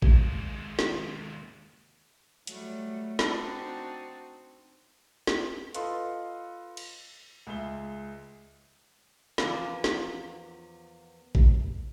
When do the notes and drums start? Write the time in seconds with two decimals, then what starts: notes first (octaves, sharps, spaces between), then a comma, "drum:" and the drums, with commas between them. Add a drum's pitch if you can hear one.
0.02 D#2 G#3, drum: kick A1
0.79 drum: snare
2.47 F#3 G3 A3, drum: hi-hat
3.19 C4 D4 D#4 F#4, drum: snare
5.27 drum: snare
5.74 F4 A4 B4 D#5 C6, drum: hi-hat
6.77 drum: cymbal
7.47 C#2 G#4 E5 G7
9.38 E2 F3 A#3 B3, drum: snare
9.84 drum: snare
11.35 drum: kick A1